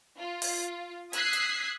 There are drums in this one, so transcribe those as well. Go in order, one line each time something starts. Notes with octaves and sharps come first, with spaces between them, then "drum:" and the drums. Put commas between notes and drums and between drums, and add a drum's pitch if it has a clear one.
F4
drum: open hi-hat
D#6 E6 F#6 G#6 B6 C7, drum: hi-hat
drum: hi-hat